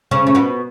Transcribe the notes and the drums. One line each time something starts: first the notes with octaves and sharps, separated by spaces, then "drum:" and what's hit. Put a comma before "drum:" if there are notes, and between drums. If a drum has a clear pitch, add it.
C#3 C#4, drum: tom A#2
A3
B2 B3